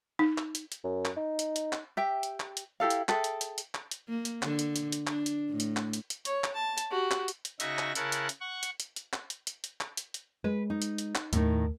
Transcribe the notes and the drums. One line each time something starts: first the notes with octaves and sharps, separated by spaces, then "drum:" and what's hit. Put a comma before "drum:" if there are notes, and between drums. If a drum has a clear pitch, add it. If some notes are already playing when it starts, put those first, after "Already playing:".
D#4
drum: clap
drum: hi-hat
drum: hi-hat
F#2
drum: clap
D#4
drum: hi-hat
drum: hi-hat
drum: clap
G4 E5 G5
drum: hi-hat
drum: clap
drum: hi-hat
E4 G4 A4 F5
drum: hi-hat
G#4 A4 E5 G5, drum: clap
drum: hi-hat
drum: hi-hat
drum: hi-hat
drum: clap
drum: hi-hat
A#3
drum: hi-hat
D3, drum: clap
drum: hi-hat
drum: hi-hat
drum: hi-hat
D4, drum: clap
drum: hi-hat
A2
drum: hi-hat
drum: clap
drum: hi-hat
drum: hi-hat
C#5, drum: hi-hat
drum: clap
A5
drum: hi-hat
F#4 G4
drum: clap
drum: hi-hat
drum: hi-hat
C#3 D#4 F#4 E5 C#6 A#6, drum: hi-hat
drum: clap
C#3 E4 A#4 F#5 A5, drum: hi-hat
drum: hi-hat
drum: hi-hat
F#5 C#6
drum: hi-hat
drum: hi-hat
drum: hi-hat
drum: clap
drum: hi-hat
drum: hi-hat
drum: hi-hat
drum: clap
drum: hi-hat
drum: hi-hat
G#3 B4
D#4
drum: hi-hat
drum: hi-hat
drum: clap
D#2 A2 D#3 D#4, drum: hi-hat